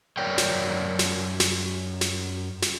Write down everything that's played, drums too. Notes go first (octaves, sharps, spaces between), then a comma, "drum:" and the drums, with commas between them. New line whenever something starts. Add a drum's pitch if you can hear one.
F#2 A#4 C#5 D5 G5
drum: snare
drum: snare
drum: snare
drum: snare
drum: snare